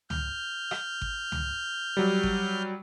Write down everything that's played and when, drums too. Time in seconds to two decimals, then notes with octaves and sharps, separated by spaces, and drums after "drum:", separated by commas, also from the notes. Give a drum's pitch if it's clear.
0.10 F6 G6, drum: tom C#2
0.71 drum: rim click
1.02 drum: kick G#1
1.32 drum: tom C#2
1.97 F#3 G3
2.23 drum: kick G#1